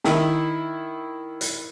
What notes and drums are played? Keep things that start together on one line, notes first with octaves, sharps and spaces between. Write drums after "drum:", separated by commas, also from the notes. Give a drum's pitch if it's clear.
D#3 E4, drum: snare
drum: hi-hat